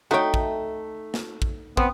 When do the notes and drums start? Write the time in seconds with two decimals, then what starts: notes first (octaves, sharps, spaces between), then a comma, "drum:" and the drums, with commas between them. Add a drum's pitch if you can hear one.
0.11 A3 D#4 F#4 C#5 G5
0.34 drum: kick
1.14 drum: snare
1.42 drum: kick
1.77 B3 C4, drum: kick